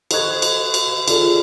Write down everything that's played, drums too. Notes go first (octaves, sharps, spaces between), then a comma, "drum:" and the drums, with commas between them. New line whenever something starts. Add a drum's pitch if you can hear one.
A4 C5 D#5 C#6 F#6 G#6, drum: cymbal
drum: cymbal
drum: cymbal
F4 G#4 A4 D5, drum: cymbal